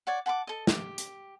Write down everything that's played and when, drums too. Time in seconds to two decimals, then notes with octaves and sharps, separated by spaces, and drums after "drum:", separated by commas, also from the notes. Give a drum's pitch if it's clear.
0.07 C#5 D5 F#5
0.26 F#5 A5 B5 D6
0.47 A4 D#5
0.67 G4, drum: snare
0.98 drum: hi-hat